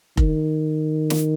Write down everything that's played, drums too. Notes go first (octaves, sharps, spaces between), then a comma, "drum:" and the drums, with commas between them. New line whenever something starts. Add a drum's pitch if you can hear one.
D#3, drum: kick F1
drum: snare